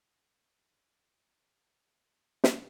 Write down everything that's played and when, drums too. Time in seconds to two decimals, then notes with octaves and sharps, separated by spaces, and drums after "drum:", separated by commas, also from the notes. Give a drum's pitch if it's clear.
0.19 C#4
2.44 drum: snare